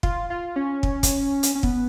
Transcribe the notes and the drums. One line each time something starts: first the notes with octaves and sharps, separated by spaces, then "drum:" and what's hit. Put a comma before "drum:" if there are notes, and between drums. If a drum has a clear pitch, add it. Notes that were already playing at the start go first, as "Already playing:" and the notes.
F4, drum: kick
F4
C#4
drum: kick
drum: kick, hi-hat
drum: hi-hat
C#4
B3, drum: kick